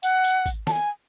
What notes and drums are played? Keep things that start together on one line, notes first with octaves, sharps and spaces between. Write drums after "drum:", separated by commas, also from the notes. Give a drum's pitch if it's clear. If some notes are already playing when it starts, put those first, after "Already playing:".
F#5, drum: tambourine
drum: tambourine
drum: kick G#1, tambourine
A5, drum: snare
G#5